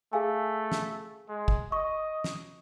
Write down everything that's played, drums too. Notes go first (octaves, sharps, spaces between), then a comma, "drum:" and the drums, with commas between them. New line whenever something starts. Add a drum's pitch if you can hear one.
A3 G#4 F5 G#5
drum: snare
G#3
drum: kick
D#5 C#6
drum: snare